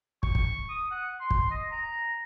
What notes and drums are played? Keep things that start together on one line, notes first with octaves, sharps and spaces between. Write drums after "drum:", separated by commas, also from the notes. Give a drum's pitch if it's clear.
C#6, drum: kick
drum: kick
D#6
F#5
C6
drum: kick
D#5
A#5